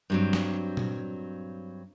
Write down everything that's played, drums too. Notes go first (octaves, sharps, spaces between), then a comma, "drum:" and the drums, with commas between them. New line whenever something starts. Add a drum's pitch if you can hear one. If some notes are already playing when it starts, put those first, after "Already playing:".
G2 F#3 C4
drum: snare
drum: tom A#2